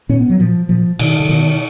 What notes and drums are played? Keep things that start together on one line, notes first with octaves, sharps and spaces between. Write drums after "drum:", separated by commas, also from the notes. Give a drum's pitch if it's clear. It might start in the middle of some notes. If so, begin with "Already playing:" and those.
A#2 C#4
B3
F#3
A#2 F3
A#2 F3
B2 D#3, drum: cymbal
D3
B2 D#3